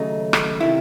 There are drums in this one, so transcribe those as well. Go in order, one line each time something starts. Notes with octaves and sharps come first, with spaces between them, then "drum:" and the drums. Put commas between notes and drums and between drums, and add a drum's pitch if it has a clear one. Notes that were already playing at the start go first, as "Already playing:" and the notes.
Already playing: D#2 C#3 F#3 A3 D#4
drum: rim click
C3 D#3 E4